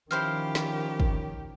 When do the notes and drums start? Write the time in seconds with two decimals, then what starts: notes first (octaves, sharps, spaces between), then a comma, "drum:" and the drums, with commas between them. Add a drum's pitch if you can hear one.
0.11 D#3 F3 C#4 E4 G4 C5 F5
0.55 drum: snare
1.00 drum: kick